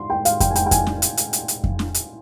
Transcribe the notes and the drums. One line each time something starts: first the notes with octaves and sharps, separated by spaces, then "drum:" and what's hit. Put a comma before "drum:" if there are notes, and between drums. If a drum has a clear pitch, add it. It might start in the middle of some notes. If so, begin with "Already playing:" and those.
Already playing: C6
G5
F5, drum: hi-hat
G5, drum: kick F2, hi-hat
G#5
G5, drum: hi-hat
G5
G#5, drum: kick F2, hi-hat
drum: snare
drum: hi-hat
drum: hi-hat
drum: hi-hat
drum: hi-hat
drum: kick F2
drum: snare
drum: hi-hat